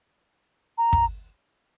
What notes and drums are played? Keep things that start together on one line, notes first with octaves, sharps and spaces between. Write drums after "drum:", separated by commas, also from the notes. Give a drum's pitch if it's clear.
A#5
drum: kick